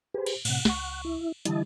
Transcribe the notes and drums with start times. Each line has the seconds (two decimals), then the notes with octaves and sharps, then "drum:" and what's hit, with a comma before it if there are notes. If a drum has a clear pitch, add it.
0.14 G4 G#4 B4 C5
0.26 drum: cymbal
0.45 A2 C3 F#5, drum: cymbal
0.65 C#2 C#6, drum: snare
1.05 E4
1.45 D3 E3 G3 E4 D#5 A5, drum: hi-hat